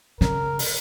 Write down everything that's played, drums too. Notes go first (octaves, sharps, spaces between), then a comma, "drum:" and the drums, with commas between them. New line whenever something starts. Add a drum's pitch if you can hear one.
C#3 A#4, drum: snare
drum: open hi-hat